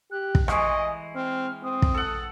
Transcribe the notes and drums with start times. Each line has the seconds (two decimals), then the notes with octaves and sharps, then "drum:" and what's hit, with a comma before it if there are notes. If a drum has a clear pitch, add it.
0.11 G4 F#6
0.35 drum: kick
0.48 E3 G#3 D#5 C#6 D#6, drum: rim click
1.15 C4 F6
1.63 C4 D#6
1.82 drum: kick
1.94 A4 F#5